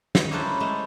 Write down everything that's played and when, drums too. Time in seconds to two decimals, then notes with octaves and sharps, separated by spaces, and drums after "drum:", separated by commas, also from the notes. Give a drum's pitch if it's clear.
0.15 G#4 D#5, drum: snare
0.31 A#3 C#4 E4 A4 B4 C5
0.60 G#3 A3 C5 E5 G#5